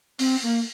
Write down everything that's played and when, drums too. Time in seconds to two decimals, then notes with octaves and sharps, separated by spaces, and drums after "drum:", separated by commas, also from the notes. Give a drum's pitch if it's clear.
0.19 C4, drum: open hi-hat
0.43 A#3